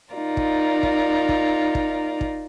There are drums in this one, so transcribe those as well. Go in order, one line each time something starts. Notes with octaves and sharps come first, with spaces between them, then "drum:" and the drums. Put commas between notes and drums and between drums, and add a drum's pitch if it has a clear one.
D#4 F4 A#4 D5
drum: kick
drum: kick
drum: kick
drum: kick
drum: kick